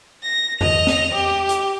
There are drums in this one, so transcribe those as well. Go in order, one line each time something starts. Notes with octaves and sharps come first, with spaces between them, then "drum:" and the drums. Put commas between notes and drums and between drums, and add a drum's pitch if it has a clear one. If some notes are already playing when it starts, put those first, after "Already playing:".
A#6
D#5 F7, drum: tom E2
drum: snare
G4
drum: hi-hat